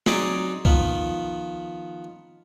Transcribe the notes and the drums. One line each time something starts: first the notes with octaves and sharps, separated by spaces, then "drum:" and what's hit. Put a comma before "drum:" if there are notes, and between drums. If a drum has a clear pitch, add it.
F#3 C4 D#4 G#4 D5, drum: snare
D#3 F3 B3, drum: kick C2